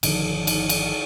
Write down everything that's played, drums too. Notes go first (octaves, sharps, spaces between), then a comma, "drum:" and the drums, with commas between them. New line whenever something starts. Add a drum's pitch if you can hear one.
G1 D3 D#3 F3, drum: cymbal
drum: cymbal
drum: cymbal